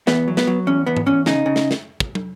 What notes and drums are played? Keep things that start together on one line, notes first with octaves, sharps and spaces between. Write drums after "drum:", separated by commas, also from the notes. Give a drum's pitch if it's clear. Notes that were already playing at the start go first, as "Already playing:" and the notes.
E2 B3, drum: snare
F#3
B3, drum: snare
F#3
E2 C#4
E2 B3
drum: tom G#2
E2 C#4
C#3 D#4, drum: snare
C#3
drum: snare
drum: snare
drum: kick
drum: tom